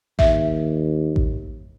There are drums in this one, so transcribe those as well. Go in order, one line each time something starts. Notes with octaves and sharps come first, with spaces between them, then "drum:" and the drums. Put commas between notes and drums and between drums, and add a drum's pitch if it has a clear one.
D#2 E5, drum: kick A1
drum: kick A1